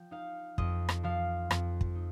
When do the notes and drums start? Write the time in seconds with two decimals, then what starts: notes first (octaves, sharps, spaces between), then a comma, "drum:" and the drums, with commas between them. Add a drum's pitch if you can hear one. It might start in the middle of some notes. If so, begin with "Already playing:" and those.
Already playing: F3 G5
0.11 D#4 F5
0.58 F2 D#5, drum: kick
0.89 drum: rim click
1.03 F3 F5
1.51 F2, drum: rim click
1.81 drum: kick
1.95 D#4